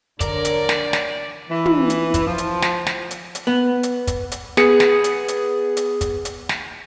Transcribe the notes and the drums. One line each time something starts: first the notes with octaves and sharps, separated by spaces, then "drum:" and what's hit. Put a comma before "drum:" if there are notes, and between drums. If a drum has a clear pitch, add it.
D3 A#4 C#5 D5, drum: kick, hi-hat
drum: hi-hat
drum: snare
drum: snare
E3
drum: tom
drum: hi-hat
drum: kick, hi-hat
F3
drum: hi-hat
drum: snare
drum: snare
drum: hi-hat
drum: hi-hat
B3
drum: hi-hat
drum: kick, hi-hat
drum: hi-hat
B3 G#4 C#7, drum: snare
drum: snare
drum: hi-hat
drum: hi-hat
drum: hi-hat
drum: kick, hi-hat
drum: hi-hat
drum: snare